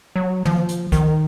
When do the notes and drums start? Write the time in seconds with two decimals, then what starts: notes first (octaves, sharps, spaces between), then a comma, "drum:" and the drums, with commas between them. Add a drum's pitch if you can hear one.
0.16 F#3
0.45 F3, drum: tom
0.69 drum: hi-hat
0.92 D#3, drum: kick, hi-hat